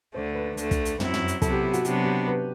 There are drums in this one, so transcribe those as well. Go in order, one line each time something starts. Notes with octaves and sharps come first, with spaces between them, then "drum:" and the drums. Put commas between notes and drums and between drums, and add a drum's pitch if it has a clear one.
D2 D3 A3 C5
B4
D2 D3 A3, drum: hi-hat
drum: kick, hi-hat
drum: hi-hat
F#2 F#3 C4 E4, drum: tom
drum: tom
drum: hi-hat
C3 F#3 B3 E4 A4, drum: kick, hi-hat
G4
G4
F#4, drum: hi-hat
C3 F#3 B3 D4 G4, drum: hi-hat
G4
B4